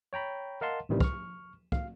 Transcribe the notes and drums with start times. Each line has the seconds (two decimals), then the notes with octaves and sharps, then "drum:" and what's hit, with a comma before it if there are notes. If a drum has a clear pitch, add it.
0.13 C#5 G5 A#5 B5
0.61 A#4 D#5 F5 F#5 A5 C6
0.89 A1 C3 D#3 E3 G3
1.00 C#6 F6, drum: kick
1.72 F5, drum: kick